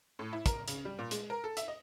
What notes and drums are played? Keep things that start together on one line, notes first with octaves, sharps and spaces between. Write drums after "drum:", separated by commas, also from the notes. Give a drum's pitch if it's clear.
A2
E4
A#4, drum: kick, hi-hat
C#3, drum: hi-hat
G3
A#2
G#3, drum: hi-hat
A#4
A4
E5, drum: hi-hat
D#5